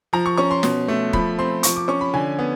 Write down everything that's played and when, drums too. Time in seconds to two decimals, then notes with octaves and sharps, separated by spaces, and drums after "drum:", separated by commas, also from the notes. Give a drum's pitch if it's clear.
0.13 F3 A#5
0.26 C#6
0.37 C#4 C#6
0.51 C6
0.63 B2, drum: snare
0.88 A3
1.13 F3 B5, drum: kick
1.39 C4 C6
1.63 F3 C#6, drum: hi-hat
1.76 D6
1.88 C#4 C#6
2.01 B5
2.14 D3 G#5
2.39 B3